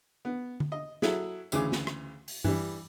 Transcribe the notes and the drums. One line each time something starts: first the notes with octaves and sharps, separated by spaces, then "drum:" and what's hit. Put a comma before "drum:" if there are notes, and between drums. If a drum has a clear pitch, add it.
B3
drum: tom
D#5
F#3 E4 G#4 A4, drum: snare
D2 C#3 E3 G#5 D6, drum: tambourine
drum: snare
drum: rim click
drum: open hi-hat
E3 G3, drum: tom G2